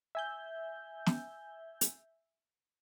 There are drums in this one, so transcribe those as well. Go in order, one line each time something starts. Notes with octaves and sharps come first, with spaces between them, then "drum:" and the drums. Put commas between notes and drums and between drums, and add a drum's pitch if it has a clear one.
E5 G#5 G6
drum: snare
drum: hi-hat